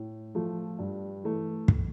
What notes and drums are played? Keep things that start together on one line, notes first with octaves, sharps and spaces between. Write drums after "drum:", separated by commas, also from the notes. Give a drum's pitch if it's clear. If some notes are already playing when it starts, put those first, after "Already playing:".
Already playing: A2
F3 A3
G2
E3 A3
drum: kick